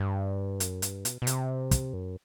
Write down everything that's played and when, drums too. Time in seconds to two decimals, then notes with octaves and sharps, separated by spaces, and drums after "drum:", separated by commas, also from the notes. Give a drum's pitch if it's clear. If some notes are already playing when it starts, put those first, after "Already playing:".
Already playing: G2
0.60 F#2, drum: hi-hat
0.82 G2, drum: hi-hat
1.05 B2, drum: hi-hat
1.22 B2
1.27 C3, drum: hi-hat
1.71 drum: kick, hi-hat
1.93 F#2